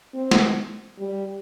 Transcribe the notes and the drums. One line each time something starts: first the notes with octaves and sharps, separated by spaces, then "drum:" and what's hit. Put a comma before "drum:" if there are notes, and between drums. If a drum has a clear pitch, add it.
C4
drum: snare
G3